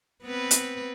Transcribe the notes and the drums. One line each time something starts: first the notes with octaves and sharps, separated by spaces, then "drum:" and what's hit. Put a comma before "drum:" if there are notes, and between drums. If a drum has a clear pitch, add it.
B3 C4 B4
drum: hi-hat